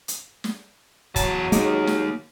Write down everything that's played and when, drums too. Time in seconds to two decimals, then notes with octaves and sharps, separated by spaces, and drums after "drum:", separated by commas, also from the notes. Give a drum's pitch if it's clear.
0.08 drum: hi-hat
0.44 drum: snare
1.16 E2 F#3 A5, drum: kick, hi-hat
1.52 G#3 A#3 D#4, drum: hi-hat
1.87 drum: snare